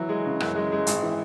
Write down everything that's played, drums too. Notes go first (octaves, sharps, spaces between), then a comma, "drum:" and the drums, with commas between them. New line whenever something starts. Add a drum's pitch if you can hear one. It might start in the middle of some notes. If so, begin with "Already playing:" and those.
Already playing: E3 F#3
G#3
C#3
F#2, drum: rim click
G#3
G#3
G#1, drum: hi-hat
E3